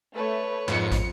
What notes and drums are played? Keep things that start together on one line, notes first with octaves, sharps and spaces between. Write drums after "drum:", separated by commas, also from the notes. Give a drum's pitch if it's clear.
A3 B4 C#5
F2 G#2 G#3 C#7, drum: clap
drum: kick, hi-hat